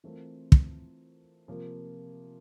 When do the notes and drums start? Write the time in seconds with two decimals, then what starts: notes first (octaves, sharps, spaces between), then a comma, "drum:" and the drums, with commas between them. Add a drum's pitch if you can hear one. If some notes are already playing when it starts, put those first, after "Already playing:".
0.04 E3 A3 C4 F4 A#4
0.52 drum: kick
1.48 C3 F3 A#3 F4